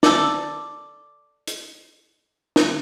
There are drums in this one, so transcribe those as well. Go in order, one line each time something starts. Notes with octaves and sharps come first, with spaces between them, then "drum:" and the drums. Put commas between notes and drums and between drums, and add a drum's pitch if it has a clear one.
A4 D5, drum: snare
drum: hi-hat
drum: snare